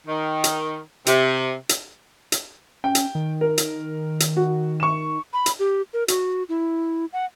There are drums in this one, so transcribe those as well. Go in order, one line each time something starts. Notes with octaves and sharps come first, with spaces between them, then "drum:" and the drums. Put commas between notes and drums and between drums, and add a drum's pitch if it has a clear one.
D#3
drum: hi-hat
C3, drum: hi-hat
drum: hi-hat
drum: hi-hat
C#4 G5
drum: hi-hat
D#3
A#4
drum: hi-hat
drum: hi-hat
F#4
C#6 E7
B5
drum: hi-hat
G4
A#4
F#4, drum: hi-hat
E4
F#5